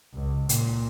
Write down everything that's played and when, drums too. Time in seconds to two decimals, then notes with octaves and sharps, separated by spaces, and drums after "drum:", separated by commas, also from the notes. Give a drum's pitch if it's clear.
0.14 C#2
0.49 A#2, drum: hi-hat